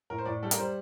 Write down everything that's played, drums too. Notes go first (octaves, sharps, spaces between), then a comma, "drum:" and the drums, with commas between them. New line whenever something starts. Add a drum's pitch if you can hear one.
A2 A#4
C5
A2 D5
G3 A4
A#4, drum: hi-hat
G3 C5